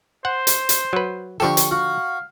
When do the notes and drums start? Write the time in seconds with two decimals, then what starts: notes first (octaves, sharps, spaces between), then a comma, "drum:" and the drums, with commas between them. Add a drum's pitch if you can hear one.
0.25 C5 F#5
0.47 drum: hi-hat
0.69 drum: hi-hat
0.93 F#3 B4
1.40 D3 F3 G4 A4 C#6
1.57 drum: hi-hat
1.71 F#4 F5